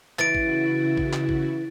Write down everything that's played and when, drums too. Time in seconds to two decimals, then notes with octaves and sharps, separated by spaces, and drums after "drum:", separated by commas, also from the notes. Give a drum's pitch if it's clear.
0.19 C#3 E3 E4 F#4 A6 D7, drum: clap
0.35 drum: kick
0.97 drum: kick
1.13 drum: clap
1.29 drum: kick